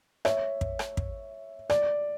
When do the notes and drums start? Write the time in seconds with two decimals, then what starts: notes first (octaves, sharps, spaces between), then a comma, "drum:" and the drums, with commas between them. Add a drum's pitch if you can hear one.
0.25 C#5 E5, drum: rim click
0.61 drum: kick
0.79 drum: rim click
0.97 drum: kick
1.70 D5, drum: rim click